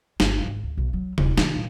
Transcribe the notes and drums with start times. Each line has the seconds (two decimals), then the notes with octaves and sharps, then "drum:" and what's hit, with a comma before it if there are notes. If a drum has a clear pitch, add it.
0.20 G1, drum: snare
0.46 G#1
0.63 D2
0.77 B1
0.93 F#3
1.18 D#1, drum: tom C3
1.38 D#3, drum: snare
1.56 A#2